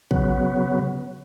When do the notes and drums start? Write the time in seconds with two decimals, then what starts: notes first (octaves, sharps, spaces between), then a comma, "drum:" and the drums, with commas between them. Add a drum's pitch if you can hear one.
0.11 C#3 F#3 B3, drum: kick